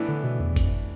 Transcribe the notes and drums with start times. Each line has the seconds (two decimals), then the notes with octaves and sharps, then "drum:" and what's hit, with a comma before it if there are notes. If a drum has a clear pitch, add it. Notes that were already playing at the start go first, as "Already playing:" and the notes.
Already playing: A2 E3 B3 D4
0.08 D3
0.24 B2
0.40 E2
0.56 F2, drum: kick G1, tambourine